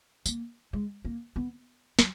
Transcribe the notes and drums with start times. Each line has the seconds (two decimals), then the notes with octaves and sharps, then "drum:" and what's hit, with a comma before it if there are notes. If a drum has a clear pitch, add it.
0.26 A#3, drum: tambourine
0.73 G#3
1.05 A#3
1.36 B3
1.99 F#3, drum: snare